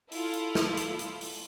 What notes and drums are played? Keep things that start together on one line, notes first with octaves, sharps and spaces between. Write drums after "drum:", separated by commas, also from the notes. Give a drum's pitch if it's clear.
E4 F4 A4, drum: open hi-hat
drum: hi-hat
drum: snare
drum: hi-hat
drum: hi-hat
drum: open hi-hat